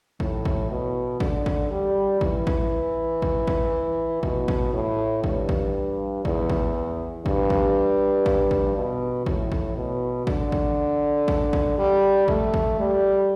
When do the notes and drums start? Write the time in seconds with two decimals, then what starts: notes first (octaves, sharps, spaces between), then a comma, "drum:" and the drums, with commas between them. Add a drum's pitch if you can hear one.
0.20 A2, drum: kick A1
0.45 drum: kick A1
0.70 B2
1.20 D3, drum: kick A1
1.46 drum: kick A1
1.71 G3
2.21 E3, drum: kick A1
2.47 drum: kick A1
3.22 drum: kick A1
3.48 drum: kick A1
4.23 B2, drum: kick A1
4.48 drum: kick A1
4.74 A2
5.24 G2, drum: kick A1
5.49 drum: kick A1
6.25 E2, drum: kick A1
6.50 drum: kick A1
7.26 G2, drum: kick A1
7.50 drum: kick A1
8.26 drum: kick A1
8.51 drum: kick A1
8.76 B2
9.26 A2, drum: kick A1
9.52 drum: kick A1
9.76 B2
10.27 D3, drum: kick A1
10.52 drum: kick A1
11.28 drum: kick A1
11.53 drum: kick A1
11.78 G3
12.28 A3, drum: kick A1
12.54 drum: kick A1
12.80 G3